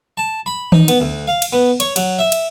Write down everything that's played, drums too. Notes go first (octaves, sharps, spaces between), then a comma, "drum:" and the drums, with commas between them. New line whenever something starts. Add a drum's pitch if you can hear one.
A5
B5
D#4, drum: tom D#3
B3, drum: cymbal
D2
F5
drum: cymbal
B3
C#5, drum: cymbal
F#3, drum: cymbal
E5
drum: cymbal